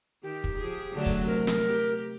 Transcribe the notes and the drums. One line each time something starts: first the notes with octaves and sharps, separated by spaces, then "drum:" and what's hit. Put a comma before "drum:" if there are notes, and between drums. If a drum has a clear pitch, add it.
D#3 G4
drum: kick
F3 G#4
D3 F#3 A3
drum: kick
C3 A#4
drum: snare
G4